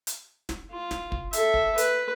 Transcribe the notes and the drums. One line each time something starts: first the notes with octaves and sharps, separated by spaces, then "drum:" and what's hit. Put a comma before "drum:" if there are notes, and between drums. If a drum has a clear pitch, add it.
drum: hi-hat
drum: snare
F4
drum: snare
drum: kick
A4 E5, drum: hi-hat
drum: kick
B4, drum: hi-hat